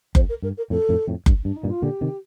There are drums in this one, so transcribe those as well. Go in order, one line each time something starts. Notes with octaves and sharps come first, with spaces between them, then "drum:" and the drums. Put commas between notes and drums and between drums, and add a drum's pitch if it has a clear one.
F2 C5, drum: kick F#1
A#4
G2 A#4
A#4
F2 A2 A4
F2 A2
F2 A2
G2, drum: kick F#1
G2 D4
D#4
G2 A#2
F4
A#2 D3 G4
C3 D#3